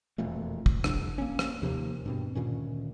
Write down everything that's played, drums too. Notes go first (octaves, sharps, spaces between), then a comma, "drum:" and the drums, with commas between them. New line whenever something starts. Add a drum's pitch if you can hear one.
E1 F2 A#2 A3
drum: kick
C2 F2 D4, drum: rim click
A#3 C#4
drum: rim click
D#2 C3 F3 A#3
G2 B2 C4
D2 A#2 D#3 C#4